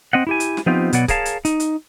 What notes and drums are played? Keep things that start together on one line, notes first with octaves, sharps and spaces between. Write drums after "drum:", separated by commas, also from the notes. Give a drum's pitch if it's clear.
C4 D#5 F#5
E4 G4 G#5
drum: hi-hat
drum: snare
F3 B3 C4 D#4 F4 G4
B2 F#3 B3 D5 F#5, drum: hi-hat
G#4 A#4 C#5 F5 A5, drum: kick C#1, hi-hat
drum: hi-hat
D#4, drum: hi-hat
drum: hi-hat